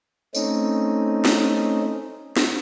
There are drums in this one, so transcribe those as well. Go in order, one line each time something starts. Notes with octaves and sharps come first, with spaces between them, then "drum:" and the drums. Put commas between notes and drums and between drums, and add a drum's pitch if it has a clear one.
A3 C4 C#4 D#4, drum: tambourine
drum: snare
drum: snare